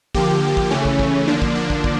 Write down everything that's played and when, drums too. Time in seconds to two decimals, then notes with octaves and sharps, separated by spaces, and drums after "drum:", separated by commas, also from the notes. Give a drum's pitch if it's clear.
0.15 D3 F3 A#3 G4, drum: kick
0.57 drum: kick
0.71 C#3 E3 A3 C#4
0.85 drum: kick
0.99 drum: kick
1.28 D3 F3 A#3 D4
1.42 drum: kick
1.55 D4
1.70 drum: kick
1.84 drum: kick